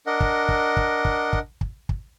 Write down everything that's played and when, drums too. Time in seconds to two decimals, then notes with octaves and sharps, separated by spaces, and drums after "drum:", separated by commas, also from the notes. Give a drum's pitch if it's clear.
0.07 D4 A#4 D#5 F#5
0.21 drum: kick
0.49 drum: kick
0.77 drum: kick
1.05 drum: kick
1.33 drum: kick
1.61 drum: kick
1.89 drum: kick